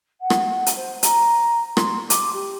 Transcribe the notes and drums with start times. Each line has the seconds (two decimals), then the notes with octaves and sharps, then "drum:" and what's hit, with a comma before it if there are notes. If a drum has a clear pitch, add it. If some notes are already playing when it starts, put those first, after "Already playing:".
0.21 F#5
0.30 drum: rim click
0.66 drum: hi-hat
0.76 C5
1.03 A#5, drum: hi-hat
1.77 C6, drum: rim click
2.10 D6, drum: hi-hat
2.33 G4